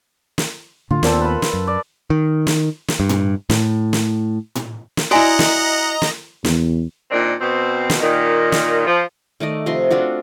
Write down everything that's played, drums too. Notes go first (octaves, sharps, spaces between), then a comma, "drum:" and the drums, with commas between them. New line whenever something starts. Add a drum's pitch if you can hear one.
drum: snare
A2 D3 F4
D#2 A#2 B3 C4 A4, drum: snare
B4 B5
drum: snare
F#2
D5
D#3
drum: snare
drum: snare
G2
drum: tom A2
A2, drum: snare
drum: snare
drum: tom A2
drum: snare
E4 F#4 D5 D#5 F#5 G#5 A#5
drum: snare
drum: snare
E2, drum: snare
A#2 D#3 C4 D4
B2 C4
drum: snare
A#2 D#3
drum: snare
F3
D#3 A3 D5 D#5
C3 F3 D#5 C6
C4 D4 F4 F#4